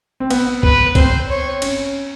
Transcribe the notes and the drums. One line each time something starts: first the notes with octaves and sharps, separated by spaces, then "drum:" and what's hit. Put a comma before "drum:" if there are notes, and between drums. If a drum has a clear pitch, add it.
C4
B3, drum: cymbal
B4, drum: kick
C4 C5, drum: kick, cymbal
C#5
C#4, drum: cymbal